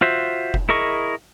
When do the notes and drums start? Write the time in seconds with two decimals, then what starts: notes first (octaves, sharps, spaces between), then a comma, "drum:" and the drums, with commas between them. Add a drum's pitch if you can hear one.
0.01 F4 F#4 C5 E5
0.54 drum: kick F1
0.69 E4 G#4 A#4 D#5 C#6